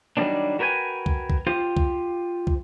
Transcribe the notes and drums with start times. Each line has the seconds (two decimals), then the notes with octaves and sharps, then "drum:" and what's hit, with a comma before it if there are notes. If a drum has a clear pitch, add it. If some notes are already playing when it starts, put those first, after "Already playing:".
0.17 D#3 F#3 G3 A3 C4 D4
0.59 F#4 A#4 B4 G5 G#5
1.06 drum: kick
1.30 drum: kick
1.47 F4 G4 C5
1.77 drum: kick
2.47 drum: kick